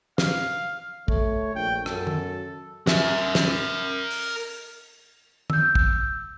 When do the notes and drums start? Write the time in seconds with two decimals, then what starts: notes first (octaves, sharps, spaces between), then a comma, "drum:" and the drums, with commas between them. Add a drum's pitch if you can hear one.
0.18 F5, drum: snare
1.08 A3 C#5, drum: kick
1.55 A#1 G5
1.86 F#2 A4, drum: rim click
2.07 drum: tom
2.87 A#4 E5, drum: snare
3.35 drum: snare
4.11 drum: open hi-hat
5.50 E6 G6, drum: tom
5.75 drum: kick